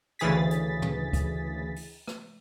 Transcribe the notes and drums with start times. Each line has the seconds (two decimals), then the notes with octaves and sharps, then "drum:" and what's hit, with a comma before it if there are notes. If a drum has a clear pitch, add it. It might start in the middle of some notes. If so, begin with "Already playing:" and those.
0.19 D2 C#3 E3 G#4 A6 B6
0.51 drum: hi-hat
0.82 drum: tom
1.13 drum: kick, hi-hat
1.76 drum: open hi-hat
2.07 drum: rim click